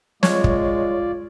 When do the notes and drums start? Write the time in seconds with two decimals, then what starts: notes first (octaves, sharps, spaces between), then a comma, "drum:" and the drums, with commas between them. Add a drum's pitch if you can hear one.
0.23 G#3 F4 C#5 D5, drum: snare
0.44 drum: kick